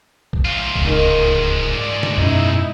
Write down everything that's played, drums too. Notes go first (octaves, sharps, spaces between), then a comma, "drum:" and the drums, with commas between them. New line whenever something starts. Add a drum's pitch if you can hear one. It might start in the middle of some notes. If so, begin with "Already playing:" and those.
drum: kick A#1
G#2 F4
drum: kick A#1
D1 C#2 D#3
D5
drum: snare
F#2 B2 C#4 D#4 E4